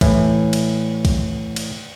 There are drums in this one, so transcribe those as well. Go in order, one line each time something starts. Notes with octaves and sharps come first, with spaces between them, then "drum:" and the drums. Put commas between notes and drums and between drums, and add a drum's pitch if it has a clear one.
A2 E3, drum: kick B1, cymbal
drum: cymbal
drum: kick B1, cymbal
drum: cymbal